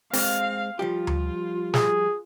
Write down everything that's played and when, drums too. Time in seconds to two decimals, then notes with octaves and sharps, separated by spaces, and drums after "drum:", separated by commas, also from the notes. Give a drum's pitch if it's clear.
0.13 G#3 C4 F5, drum: open hi-hat
0.79 F3 G3 F4 G4
1.07 drum: tom D2
1.74 G#4, drum: snare